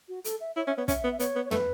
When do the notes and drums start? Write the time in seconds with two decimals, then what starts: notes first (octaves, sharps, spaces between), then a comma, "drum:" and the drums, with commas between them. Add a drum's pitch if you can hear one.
0.09 F#4
0.24 A4, drum: hi-hat
0.40 E5
0.56 E4 C#5
0.66 C#4 E5
0.77 B3 C#5
0.88 C#4 E5, drum: kick, hi-hat
1.04 B3
1.12 E5
1.19 B3 C#5, drum: hi-hat
1.36 B3
1.45 C#5
1.51 A3 B4, drum: tom